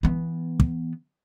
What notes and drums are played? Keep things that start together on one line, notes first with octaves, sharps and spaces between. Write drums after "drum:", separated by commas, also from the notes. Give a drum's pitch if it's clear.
E3 B3
drum: kick